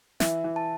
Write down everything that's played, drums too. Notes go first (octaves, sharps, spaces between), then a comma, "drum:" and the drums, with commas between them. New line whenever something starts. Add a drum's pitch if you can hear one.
E3 E5, drum: snare
E3
A5